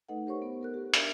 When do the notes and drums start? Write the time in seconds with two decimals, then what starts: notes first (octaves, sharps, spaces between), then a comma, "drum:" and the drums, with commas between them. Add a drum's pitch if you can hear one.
0.09 A3 D#4 A4 B4 D#5 F#5
0.27 G4 A#4 C5 C#5 C#6
0.42 B3
0.61 A4 A#4 F#6
0.74 G4
0.94 D4 A#4 E5, drum: hi-hat